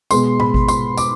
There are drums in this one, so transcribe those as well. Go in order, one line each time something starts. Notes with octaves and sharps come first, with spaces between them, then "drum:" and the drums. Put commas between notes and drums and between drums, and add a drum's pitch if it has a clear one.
B2 G#3 C6, drum: tambourine
B5, drum: tom G#2
drum: kick G#1
C6, drum: tambourine
D6, drum: tambourine